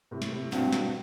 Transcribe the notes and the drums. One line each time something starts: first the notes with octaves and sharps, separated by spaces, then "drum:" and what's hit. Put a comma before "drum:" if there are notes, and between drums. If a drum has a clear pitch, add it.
A2 C3
drum: snare
A2 C3
G2 B2 C4, drum: snare
G2 B2, drum: snare